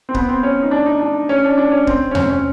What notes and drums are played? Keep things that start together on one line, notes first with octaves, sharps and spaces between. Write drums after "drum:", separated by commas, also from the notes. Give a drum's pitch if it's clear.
C4
B3, drum: kick D1
C4
C#4
D#4
D4
D#4
D4
C#4
D4
D4
C#4
C4, drum: kick D1
C#4
C4, drum: tom E2
C#4